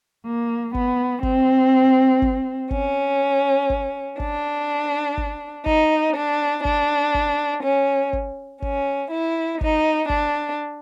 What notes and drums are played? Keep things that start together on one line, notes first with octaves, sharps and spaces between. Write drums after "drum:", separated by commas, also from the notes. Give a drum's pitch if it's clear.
A#3
B3, drum: kick G1
C4, drum: kick G1
drum: kick G1
C#4, drum: kick G1
drum: kick G1
D4, drum: kick G1
drum: kick G1
D#4, drum: kick G1
D4
D4, drum: kick G1
drum: kick G1
C#4
drum: kick G1
C#4, drum: kick G1
E4
D#4, drum: kick G1
D4, drum: kick G1